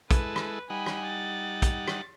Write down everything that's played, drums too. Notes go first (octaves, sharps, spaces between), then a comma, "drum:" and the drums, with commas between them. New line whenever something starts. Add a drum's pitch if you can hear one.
G#3 E4 A4 B4, drum: kick, hi-hat
drum: rim click
G3 D#4 F#5 G#5 B5
drum: rim click
A6
drum: kick, hi-hat
drum: rim click